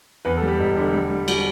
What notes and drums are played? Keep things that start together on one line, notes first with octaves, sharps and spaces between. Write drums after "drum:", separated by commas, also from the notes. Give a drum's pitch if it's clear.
E2 B4
A4
G3
G4
E1
D3
G3
G3
G3 F#4, drum: cymbal